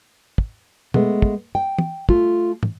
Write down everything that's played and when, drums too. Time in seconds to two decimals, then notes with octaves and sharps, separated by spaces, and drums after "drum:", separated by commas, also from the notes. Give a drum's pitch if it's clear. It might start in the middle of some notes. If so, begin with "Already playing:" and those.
0.38 drum: kick
0.94 G#3 A3 B3, drum: tom B2
1.22 drum: kick
1.55 G5
1.78 drum: tom E3
2.09 A3 F4, drum: kick
2.63 drum: tom